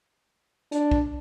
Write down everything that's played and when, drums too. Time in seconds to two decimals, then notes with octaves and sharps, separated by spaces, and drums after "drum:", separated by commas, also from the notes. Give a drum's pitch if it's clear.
0.72 D4, drum: hi-hat
0.91 drum: kick